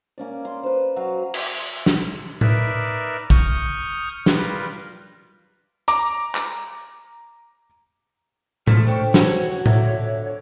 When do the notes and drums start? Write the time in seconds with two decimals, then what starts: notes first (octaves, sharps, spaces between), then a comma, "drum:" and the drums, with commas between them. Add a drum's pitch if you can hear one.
0.18 A#3 C#4 D5
0.45 C6
0.63 B4 C5
0.96 F#3 F#4 F5
1.34 drum: cymbal
1.86 drum: snare
2.41 D#4 A#4 B4 D5 E5, drum: tom A2
3.30 C#6 D#6 F6 G6, drum: kick
4.26 G3 F4 A#4 B4, drum: snare
5.88 A#5 D6, drum: hi-hat
6.35 drum: clap
8.67 E3 F3 G#3 A3 F4 F6, drum: tom A2
8.87 D4 A4 C5 C#5 G5
9.14 E2 E3 F#4 A4 C#5, drum: snare
9.66 F2 D3 E5, drum: tom A2